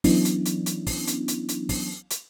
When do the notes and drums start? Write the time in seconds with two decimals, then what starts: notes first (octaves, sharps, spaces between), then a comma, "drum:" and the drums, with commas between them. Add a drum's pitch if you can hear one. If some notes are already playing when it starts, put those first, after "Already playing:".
0.04 E3 F#3 B3 C#4 D4 E4, drum: kick, open hi-hat
0.25 drum: hi-hat
0.45 drum: hi-hat
0.66 drum: hi-hat
0.87 drum: kick, open hi-hat
1.07 drum: hi-hat
1.28 drum: hi-hat
1.49 drum: hi-hat
1.69 drum: kick, open hi-hat
2.10 drum: hi-hat